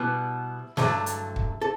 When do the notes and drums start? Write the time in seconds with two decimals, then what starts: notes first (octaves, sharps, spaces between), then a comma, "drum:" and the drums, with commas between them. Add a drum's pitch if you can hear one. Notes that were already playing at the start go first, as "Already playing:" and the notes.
Already playing: B2 G3 B3 E4
0.77 G2 D3 F#3 A3, drum: snare
1.06 drum: hi-hat
1.36 drum: kick
1.61 A4